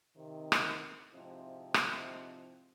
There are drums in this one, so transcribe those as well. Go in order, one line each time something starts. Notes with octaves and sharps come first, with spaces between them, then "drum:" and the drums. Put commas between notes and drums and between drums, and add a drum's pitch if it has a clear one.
C3 D#3
drum: rim click
G#2 C3 F3 C4 E4 D#5
drum: rim click